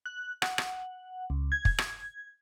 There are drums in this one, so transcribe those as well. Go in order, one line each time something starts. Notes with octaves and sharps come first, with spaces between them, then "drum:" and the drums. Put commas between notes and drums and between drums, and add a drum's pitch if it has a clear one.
F#6
F#5, drum: rim click
drum: rim click
C#2
G#6
drum: kick
drum: rim click